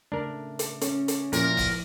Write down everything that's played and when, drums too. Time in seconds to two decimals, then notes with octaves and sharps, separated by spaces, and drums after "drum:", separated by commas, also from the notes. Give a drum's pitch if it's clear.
0.12 C#3 A3 D4 A#4
0.59 drum: hi-hat
0.81 C#4, drum: hi-hat
1.08 drum: hi-hat
1.33 A#2 F3 E4 A#4, drum: hi-hat
1.57 drum: kick F#1, open hi-hat